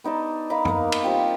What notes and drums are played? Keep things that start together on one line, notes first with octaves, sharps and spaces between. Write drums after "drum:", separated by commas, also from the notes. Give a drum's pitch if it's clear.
B3 D#4 D5 A5
D#4 A#4 F5 B5
A#3 B3, drum: tom F#2
drum: cymbal
G3 C4 F4